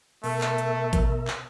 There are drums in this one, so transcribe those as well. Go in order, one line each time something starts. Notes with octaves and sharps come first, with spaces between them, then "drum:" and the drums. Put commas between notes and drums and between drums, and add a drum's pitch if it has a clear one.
B2 A3 A#4 E5, drum: open hi-hat
drum: clap
drum: hi-hat
drum: kick A1, hi-hat
drum: clap